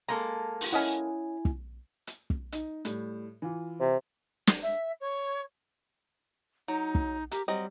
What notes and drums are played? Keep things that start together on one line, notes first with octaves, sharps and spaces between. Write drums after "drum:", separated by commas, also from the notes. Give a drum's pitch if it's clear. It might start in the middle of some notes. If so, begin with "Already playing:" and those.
G#3 A#3 A4 A#5
drum: open hi-hat
C#4 E4 D#5 F#5 G#5
drum: kick
drum: hi-hat
drum: kick
D#4, drum: hi-hat
A2 G3, drum: hi-hat
E3 F4
C3
drum: snare
E5
C#5
F#3 D#4
drum: kick
G4 A#4, drum: hi-hat
F#3 G3 C4 D#5